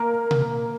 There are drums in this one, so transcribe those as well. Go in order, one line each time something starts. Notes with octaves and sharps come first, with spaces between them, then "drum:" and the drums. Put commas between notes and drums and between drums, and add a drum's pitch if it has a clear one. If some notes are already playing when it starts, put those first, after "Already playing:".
Already playing: A#3 A#4
drum: tom B2